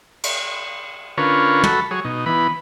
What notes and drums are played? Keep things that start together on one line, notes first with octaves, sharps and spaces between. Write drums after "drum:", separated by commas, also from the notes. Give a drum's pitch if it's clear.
drum: cymbal
D3 C#4 F4 A#4 B4 C#5
F#4 A4 B5, drum: tom
F#3 G#4 C#5
B2 D#4
E3 B3 B5